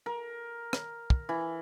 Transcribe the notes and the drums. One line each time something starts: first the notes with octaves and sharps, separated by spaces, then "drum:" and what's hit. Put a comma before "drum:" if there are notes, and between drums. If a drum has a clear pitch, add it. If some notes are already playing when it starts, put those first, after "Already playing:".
A#4
drum: rim click
drum: kick
E3